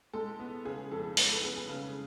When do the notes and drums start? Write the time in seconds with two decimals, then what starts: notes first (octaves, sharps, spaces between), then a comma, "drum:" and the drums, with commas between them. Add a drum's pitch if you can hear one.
0.14 G#3 A4
0.40 B3
0.65 C#3 G#4
0.91 F2 A4
1.17 G#3 B4, drum: open hi-hat
1.30 A4
1.43 B3 G#4
1.56 G#4
1.69 C#3